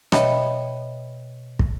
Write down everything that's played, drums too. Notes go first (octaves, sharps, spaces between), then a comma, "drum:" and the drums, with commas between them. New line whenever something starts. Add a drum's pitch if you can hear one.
B2 C#5 D#5 E5 G5 B5, drum: rim click
drum: kick